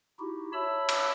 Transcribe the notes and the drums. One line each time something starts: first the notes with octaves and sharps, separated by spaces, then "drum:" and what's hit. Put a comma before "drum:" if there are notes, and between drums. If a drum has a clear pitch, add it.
D#4 E4 F#4 G4
C#5 E5 A5 B5 E6
drum: cymbal